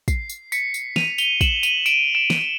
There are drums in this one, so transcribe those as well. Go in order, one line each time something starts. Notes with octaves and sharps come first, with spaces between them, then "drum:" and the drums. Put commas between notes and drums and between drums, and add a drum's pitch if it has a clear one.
C7, drum: kick, tambourine
drum: tambourine
B6 C#7, drum: tambourine
drum: tambourine
D#7 F7, drum: snare
F7 G7, drum: tambourine
E7 F#7, drum: kick, tambourine
D#7 F7, drum: tambourine
D7 E7, drum: tambourine
D7 E7
drum: snare